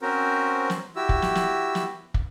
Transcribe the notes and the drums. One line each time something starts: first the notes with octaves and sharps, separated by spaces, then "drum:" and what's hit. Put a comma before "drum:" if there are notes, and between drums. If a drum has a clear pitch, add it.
C4 C#4 F#4 A#4 C5
drum: snare
E4 F#4 G4 E6
drum: kick
drum: snare
drum: snare
drum: snare
drum: kick